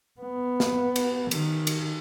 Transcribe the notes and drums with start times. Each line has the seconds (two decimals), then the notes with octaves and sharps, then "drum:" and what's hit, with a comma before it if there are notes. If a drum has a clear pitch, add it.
0.20 B3
0.60 drum: snare
0.96 drum: cymbal
1.31 D#3, drum: cymbal
1.67 drum: cymbal